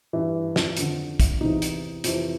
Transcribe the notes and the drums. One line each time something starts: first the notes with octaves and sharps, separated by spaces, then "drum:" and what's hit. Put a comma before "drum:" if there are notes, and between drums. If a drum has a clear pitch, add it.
G2 E3
drum: snare
F2 D3, drum: hi-hat
drum: kick, hi-hat
E2 C3 E3 D#4
drum: hi-hat
F2 C3 E3, drum: hi-hat